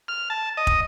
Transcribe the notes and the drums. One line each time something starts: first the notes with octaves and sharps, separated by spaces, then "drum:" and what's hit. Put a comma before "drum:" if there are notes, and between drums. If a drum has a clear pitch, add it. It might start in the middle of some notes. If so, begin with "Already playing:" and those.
F6
A5
D#5
drum: kick